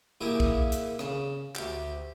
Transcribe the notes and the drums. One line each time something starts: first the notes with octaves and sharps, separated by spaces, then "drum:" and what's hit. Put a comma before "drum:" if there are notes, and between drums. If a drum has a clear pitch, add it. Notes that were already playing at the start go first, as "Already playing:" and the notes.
A#2 A#3 D#4 E4 G4 G#4
drum: kick A#1
drum: hi-hat
C#3, drum: rim click
D2 G4, drum: clap